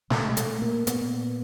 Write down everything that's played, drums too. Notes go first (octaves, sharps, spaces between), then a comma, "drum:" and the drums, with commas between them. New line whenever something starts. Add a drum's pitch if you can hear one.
A#2 A3, drum: snare
G#3
A3, drum: hi-hat
A#3
A#2 B3, drum: hi-hat